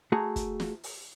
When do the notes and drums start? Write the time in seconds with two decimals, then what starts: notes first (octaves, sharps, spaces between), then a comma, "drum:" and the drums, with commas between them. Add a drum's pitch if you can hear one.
0.12 A3 F#4 G#4 A#5
0.36 drum: kick, hi-hat
0.60 drum: snare
0.83 drum: open hi-hat